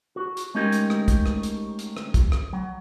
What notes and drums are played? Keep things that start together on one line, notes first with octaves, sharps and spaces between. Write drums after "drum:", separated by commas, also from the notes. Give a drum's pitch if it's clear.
F#4
drum: hi-hat
G#3 A3 C#4 D#4 G4 A#4
drum: hi-hat
drum: rim click
drum: kick, hi-hat
drum: rim click
drum: hi-hat
drum: hi-hat
drum: rim click
drum: kick, hi-hat
drum: rim click
F#3